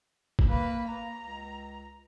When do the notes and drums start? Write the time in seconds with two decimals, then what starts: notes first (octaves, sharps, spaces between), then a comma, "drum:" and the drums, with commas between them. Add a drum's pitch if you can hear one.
0.39 drum: kick
0.49 A#3 B4
0.88 A#3 A#5
1.20 C#2